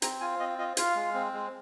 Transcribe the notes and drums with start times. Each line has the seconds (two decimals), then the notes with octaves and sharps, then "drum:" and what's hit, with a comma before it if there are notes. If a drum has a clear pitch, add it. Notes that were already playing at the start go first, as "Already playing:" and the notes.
0.02 C4 A#5, drum: hi-hat
0.20 F4 G#5
0.39 C4 D#5
0.58 F4 D#5
0.77 F4 F5, drum: hi-hat
0.96 G#3
1.14 C4
1.33 G#3